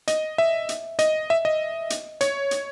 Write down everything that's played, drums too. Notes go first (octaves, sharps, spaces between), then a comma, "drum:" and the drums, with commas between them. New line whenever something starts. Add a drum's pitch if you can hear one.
D#5, drum: hi-hat
E5
drum: hi-hat
D#5, drum: hi-hat
E5
D#5
drum: hi-hat
C#5, drum: hi-hat
drum: hi-hat